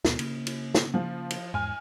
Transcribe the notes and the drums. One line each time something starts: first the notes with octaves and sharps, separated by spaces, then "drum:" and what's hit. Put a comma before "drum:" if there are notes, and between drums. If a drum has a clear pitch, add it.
D#2 B2, drum: snare
C#3 A#3, drum: cymbal
drum: cymbal
drum: snare
F3
drum: cymbal
E2 G#2 G#5 F6